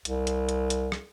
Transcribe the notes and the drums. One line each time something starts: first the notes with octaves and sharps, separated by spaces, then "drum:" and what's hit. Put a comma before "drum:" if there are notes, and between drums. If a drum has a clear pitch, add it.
C2, drum: hi-hat
drum: hi-hat
drum: hi-hat
drum: hi-hat
drum: rim click